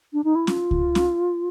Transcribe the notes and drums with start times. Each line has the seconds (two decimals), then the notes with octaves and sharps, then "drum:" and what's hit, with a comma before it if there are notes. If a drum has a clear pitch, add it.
0.13 D4
0.24 D#4
0.35 E4
0.47 F4, drum: snare C#4
0.71 drum: kick C#2
0.95 drum: snare C#4